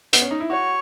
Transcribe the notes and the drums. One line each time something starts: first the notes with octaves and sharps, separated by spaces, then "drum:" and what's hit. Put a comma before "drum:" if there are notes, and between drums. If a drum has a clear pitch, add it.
B3, drum: hi-hat
C#4
D#4
E4
F#4 C#5